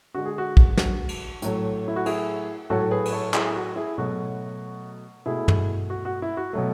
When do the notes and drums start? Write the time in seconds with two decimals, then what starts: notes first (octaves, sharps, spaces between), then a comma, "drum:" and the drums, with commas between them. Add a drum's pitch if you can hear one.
0.14 D3 G#3 F#4
0.25 G#4
0.38 F#4
0.57 drum: kick
0.77 F#4, drum: snare
1.09 drum: cymbal
1.42 A2 F#3 A3, drum: hi-hat
1.88 E4
1.96 F#4
2.06 E4 G#4, drum: cymbal
2.70 A2 F#3 A3 F#4 A4
2.91 G#4 B4
3.05 B4, drum: cymbal
3.12 A4 C#5
3.34 E4 G#4, drum: clap
3.55 F#4
3.76 E4 G#4
3.98 B2 F#3 A3 F#4
5.26 B2 A3 E4 G#4
5.48 drum: tom
5.90 F#4
6.05 F#4
6.22 E4
6.37 F#4
6.53 B2 F#3 A3